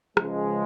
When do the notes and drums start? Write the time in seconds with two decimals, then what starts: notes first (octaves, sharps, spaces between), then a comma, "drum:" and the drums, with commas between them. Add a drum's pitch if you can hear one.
0.17 C#2 C#3 F3 G#3, drum: rim click